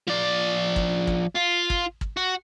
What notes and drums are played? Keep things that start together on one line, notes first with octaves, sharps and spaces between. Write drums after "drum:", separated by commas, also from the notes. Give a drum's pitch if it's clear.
F3 D5
drum: kick
drum: kick
F4
drum: kick
drum: kick
F#4